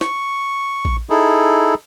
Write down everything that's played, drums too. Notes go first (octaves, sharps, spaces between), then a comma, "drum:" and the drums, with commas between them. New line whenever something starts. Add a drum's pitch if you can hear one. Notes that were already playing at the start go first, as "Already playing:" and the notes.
C#6, drum: snare
drum: kick A#1
D#4 E4 G#4 A4